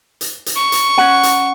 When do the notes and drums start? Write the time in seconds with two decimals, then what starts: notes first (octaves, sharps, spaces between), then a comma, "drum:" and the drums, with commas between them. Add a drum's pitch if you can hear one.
0.21 drum: hi-hat
0.46 drum: hi-hat
0.56 C#6
0.72 drum: hi-hat
0.98 C#4 F#5, drum: snare
1.23 drum: hi-hat